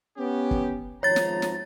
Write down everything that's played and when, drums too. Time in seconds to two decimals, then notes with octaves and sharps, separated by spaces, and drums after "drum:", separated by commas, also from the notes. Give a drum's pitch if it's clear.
0.17 B3 C#4 G4
0.51 drum: kick
1.03 G#1 F3 C#5 A#5 A6
1.16 drum: snare
1.42 drum: snare